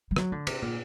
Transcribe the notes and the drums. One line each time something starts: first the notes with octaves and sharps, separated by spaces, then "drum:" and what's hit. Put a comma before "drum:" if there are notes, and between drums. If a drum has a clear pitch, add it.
G3
F#3, drum: rim click
D3
C3, drum: cymbal
A#2